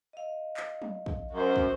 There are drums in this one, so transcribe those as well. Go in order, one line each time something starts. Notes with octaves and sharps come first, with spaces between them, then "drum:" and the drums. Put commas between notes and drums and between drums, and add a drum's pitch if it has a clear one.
D#5 F5
drum: clap
drum: tom F#3
drum: kick
F#2 F#4 C5
drum: kick